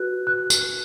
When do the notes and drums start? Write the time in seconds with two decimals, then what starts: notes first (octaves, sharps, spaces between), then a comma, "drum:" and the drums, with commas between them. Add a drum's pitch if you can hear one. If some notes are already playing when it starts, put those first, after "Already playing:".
Already playing: F#4 B4 F#6
0.27 F#6
0.50 drum: tambourine